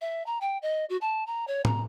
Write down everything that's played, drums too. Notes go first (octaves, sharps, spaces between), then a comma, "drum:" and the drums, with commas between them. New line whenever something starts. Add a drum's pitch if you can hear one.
E5
A#5
G5
D#5
F#4
A5
A#5
C#5
A#5, drum: tom